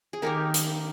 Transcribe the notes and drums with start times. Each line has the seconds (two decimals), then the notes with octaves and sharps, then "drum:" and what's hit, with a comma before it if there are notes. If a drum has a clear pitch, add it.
0.13 G#4
0.22 D#3 A#3 D#4 G4 A#4
0.54 drum: hi-hat